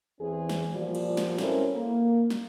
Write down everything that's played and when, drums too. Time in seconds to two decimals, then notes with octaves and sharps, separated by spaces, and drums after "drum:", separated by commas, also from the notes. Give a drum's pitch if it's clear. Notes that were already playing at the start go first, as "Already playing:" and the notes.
0.20 E2 E3 C4 G#4
0.49 drum: snare
0.72 A#2 F3 G3 F#4 D5
0.95 drum: cymbal
1.17 drum: snare
1.38 C4 C#4 E4 A4 A#4, drum: snare
1.75 A#3
2.30 drum: snare